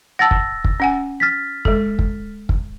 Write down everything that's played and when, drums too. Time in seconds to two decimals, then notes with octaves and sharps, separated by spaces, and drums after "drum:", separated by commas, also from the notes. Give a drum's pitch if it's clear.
0.19 F#5 A5 E6 A6 A#6
0.31 drum: kick
0.64 drum: kick
0.80 C#4 F#5 G#5
1.20 F6 A6 B6
1.65 G#3 A4, drum: kick
1.99 drum: kick
2.49 drum: kick